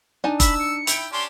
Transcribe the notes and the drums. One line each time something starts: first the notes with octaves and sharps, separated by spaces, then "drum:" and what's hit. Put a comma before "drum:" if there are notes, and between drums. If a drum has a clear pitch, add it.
D4 D#4 G#5 A5
B5 E6, drum: kick F1, hi-hat
C#7
E4 G5 D7 F7, drum: hi-hat
C#4 D4 G4 C6